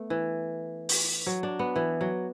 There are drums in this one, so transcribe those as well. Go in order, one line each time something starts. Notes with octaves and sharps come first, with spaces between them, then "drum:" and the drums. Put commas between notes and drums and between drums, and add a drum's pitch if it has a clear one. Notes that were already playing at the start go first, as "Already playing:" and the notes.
Already playing: A3 B3
E3
drum: open hi-hat
F#3
D4
B3
E3
F#3